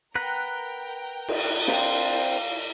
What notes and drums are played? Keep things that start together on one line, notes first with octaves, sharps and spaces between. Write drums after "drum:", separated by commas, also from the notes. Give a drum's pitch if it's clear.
A#4 B4 F#5 G5 A#5
drum: cymbal
C4 D4 C5 F5, drum: snare